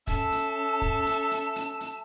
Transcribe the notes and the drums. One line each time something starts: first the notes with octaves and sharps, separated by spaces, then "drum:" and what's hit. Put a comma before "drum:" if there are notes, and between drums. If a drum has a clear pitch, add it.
C#4 A4 E5 A5, drum: kick, hi-hat
drum: hi-hat
drum: kick
drum: hi-hat
drum: hi-hat
drum: hi-hat
drum: hi-hat